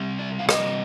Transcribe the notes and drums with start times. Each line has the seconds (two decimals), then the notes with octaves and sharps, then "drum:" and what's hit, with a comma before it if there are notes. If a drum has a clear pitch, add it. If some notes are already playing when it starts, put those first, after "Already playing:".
Already playing: C3 G3 C4
0.19 D5
0.39 F5
0.49 D#5, drum: rim click